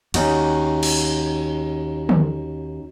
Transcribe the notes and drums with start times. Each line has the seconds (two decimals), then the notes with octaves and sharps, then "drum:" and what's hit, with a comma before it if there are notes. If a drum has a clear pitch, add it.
0.14 D#2 C#4 D#4 F#4, drum: cymbal
0.83 drum: cymbal
2.09 drum: tom D3